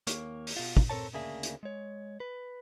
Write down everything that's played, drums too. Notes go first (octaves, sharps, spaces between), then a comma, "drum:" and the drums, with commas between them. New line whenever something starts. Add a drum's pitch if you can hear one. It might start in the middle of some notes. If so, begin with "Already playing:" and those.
D#2 A#3 C#5, drum: hi-hat
drum: open hi-hat
B2 F4
drum: kick
C4 A4 A#4 C#5 A5
D2 C#3 A#3 D4 G#4 E5
drum: hi-hat
G#3 C#5
B4